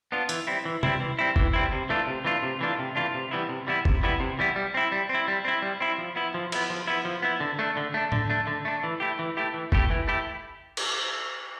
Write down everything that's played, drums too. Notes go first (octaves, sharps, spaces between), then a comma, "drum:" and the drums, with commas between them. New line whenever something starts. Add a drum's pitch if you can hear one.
B3 D4 F4
E3, drum: hi-hat
G3 C4 E4
E3
G3 C4 E4, drum: tom C3
E3
G3 C4 E4
E3, drum: kick F#1
G3 C4 E4
C3
E3 A3 D4 F4
C3
E3 A3 D4 F4
C3
E3 A3 D4 F4
C3
E3 A3 D4 F4
C3
E3 G3 B3 E4
C3
E3 G3 B3 E4
C3, drum: kick F#1
E3 G3 B3 E4
C3
E3 G3 B3 E4
G3
C4 E4
G3
C4
E4
G3
C4 E4
G3
C4 E4
F3
B3 E4
F3
B3 E4, drum: cymbal
F3
B3 E4
F3
B3 E4
D3
A3 D4
D3
A3 D4
D3, drum: tom A2
A3 D4
D3
A3 D4
E3
A3 E4 G4
E3
A3 E4 G4
E3
A3 E4 G4, drum: kick F#1
E3
A3 E4 G4
drum: cymbal